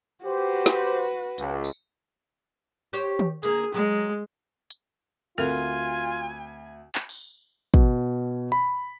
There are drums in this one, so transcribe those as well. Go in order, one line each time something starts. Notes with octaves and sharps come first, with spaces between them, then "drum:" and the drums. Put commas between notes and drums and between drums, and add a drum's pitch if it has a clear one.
F#4 G4 B4 C5
drum: snare
C#2, drum: hi-hat
drum: tambourine
G4 C5 C#5
drum: tom D#3
D3 A#3 G#4, drum: hi-hat
F#3 G#3
drum: hi-hat
D2 C4 F4 A4 A#4 G#5
drum: clap
drum: open hi-hat
B2, drum: kick
B5